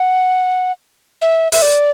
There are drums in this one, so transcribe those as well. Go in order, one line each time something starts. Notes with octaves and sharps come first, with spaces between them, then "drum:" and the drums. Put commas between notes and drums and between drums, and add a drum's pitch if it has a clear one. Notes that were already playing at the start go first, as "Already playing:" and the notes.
Already playing: F#5
E5
E5, drum: open hi-hat
D5